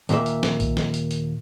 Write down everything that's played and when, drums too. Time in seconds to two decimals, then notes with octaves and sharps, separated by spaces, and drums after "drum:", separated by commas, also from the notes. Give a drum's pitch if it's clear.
0.09 D#2 A#2 F#3 A#3 E5, drum: hi-hat
0.26 drum: hi-hat
0.43 drum: snare
0.60 drum: kick B1, hi-hat
0.77 drum: snare
0.94 drum: hi-hat
1.11 drum: hi-hat